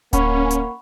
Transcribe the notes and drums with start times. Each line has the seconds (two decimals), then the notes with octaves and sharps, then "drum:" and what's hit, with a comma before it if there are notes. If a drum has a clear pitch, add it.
0.13 A#3 C#4 F#5 B5 C#6, drum: kick D1, hi-hat
0.51 drum: hi-hat